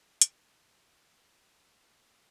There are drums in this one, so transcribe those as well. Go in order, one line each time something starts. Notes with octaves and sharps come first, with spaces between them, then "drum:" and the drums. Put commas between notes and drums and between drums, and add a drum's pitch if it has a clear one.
D3 A#3, drum: hi-hat